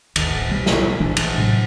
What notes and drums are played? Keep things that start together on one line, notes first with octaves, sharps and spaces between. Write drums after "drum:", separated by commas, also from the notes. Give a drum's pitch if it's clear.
G#1 D#2, drum: cymbal
D1
C2 B2 G3
drum: snare
A#1 E3 G#3 D4
drum: cymbal
A2 C3 F#3